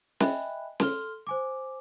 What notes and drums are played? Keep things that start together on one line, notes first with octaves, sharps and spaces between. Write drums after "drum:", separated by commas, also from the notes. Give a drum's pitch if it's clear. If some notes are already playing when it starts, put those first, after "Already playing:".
D#5 E5 G5 G#5 B5 F#6, drum: snare
A4 C6 F6 G7, drum: snare
C5 G#5 D6